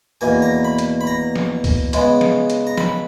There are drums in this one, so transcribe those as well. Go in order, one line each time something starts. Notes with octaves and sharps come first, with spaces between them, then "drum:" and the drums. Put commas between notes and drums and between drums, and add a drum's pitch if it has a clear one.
E2 B2 A#3 G#5
A#5
B5
drum: hi-hat
B5
A#5
drum: snare
drum: kick C#2, open hi-hat
C#3 G#3 B3, drum: hi-hat
drum: snare
drum: hi-hat
A#5
B5, drum: snare